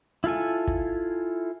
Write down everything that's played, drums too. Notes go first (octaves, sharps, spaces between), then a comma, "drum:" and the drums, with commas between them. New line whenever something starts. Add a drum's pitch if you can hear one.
E4 F4 A4 G#5
drum: kick